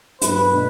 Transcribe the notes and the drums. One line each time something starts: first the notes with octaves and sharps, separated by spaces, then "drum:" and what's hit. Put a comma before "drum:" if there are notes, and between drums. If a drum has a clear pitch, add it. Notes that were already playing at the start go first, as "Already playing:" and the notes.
G2 F#3 B3 E4 B4, drum: hi-hat
B2 A3 D4